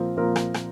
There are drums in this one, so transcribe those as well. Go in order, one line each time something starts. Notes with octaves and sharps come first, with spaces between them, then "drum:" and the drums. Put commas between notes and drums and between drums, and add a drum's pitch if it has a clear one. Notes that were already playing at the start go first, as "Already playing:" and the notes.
Already playing: A#2 F3 C4 A#4
A#2 F3 C4 A#4
drum: rim click
drum: rim click